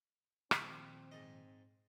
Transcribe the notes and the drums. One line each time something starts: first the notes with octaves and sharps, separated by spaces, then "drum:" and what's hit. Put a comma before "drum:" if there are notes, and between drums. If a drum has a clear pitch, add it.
A#2 D#3 F3 C4, drum: rim click
G#2 D#5